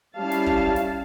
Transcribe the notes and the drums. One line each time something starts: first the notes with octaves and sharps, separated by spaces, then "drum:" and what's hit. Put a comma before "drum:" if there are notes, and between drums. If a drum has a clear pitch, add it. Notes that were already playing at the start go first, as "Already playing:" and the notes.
G3 C#4 E4 F5 A5
drum: snare
drum: kick
drum: snare